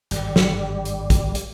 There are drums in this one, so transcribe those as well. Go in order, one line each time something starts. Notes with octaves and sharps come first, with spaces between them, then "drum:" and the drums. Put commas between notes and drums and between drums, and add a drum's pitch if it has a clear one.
G#1 G2 D3 G3, drum: hi-hat
drum: snare
drum: hi-hat
drum: kick, hi-hat
drum: hi-hat